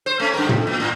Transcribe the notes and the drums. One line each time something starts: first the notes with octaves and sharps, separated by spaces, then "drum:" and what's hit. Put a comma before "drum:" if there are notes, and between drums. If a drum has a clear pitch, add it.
C5
A3 C#4
G2 D3 A#4
F2, drum: tom
A#2
A2 A#3